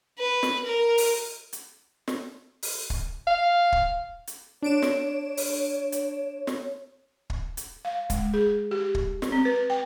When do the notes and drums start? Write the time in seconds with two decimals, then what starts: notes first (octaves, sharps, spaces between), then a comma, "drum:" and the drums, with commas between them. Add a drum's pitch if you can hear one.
0.19 B4
0.43 drum: snare
0.65 A#4
0.98 drum: open hi-hat
1.53 drum: hi-hat
2.08 drum: snare
2.63 drum: open hi-hat
2.90 drum: kick
3.27 F5
3.72 drum: kick
4.27 drum: hi-hat
4.62 D4 C#5 D7 E7
4.82 drum: snare
5.37 drum: open hi-hat
5.92 drum: hi-hat
6.47 drum: snare
7.30 drum: kick
7.57 drum: hi-hat
7.85 F5
8.10 G#3, drum: kick, hi-hat
8.34 G#4
8.71 G4
8.95 drum: kick
9.22 drum: snare
9.32 C4
9.45 B4
9.70 G5